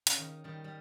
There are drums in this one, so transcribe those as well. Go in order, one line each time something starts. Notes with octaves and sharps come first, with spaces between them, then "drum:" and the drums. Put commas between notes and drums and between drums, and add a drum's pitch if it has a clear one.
C#3, drum: hi-hat
D#3
D#3 G3
G3